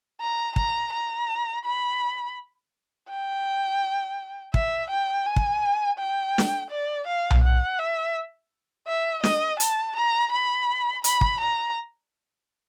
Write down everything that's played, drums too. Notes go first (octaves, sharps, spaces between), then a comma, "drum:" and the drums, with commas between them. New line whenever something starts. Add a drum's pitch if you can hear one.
A#5
A#5, drum: kick
A#5
B5
G5
E5, drum: kick
G5
G#5
drum: kick
G5
drum: snare
D5
F5
drum: tom B1
F#5
E5
E5
D#5, drum: snare
A5, drum: hi-hat
A#5
B5
B5, drum: hi-hat
drum: kick
A#5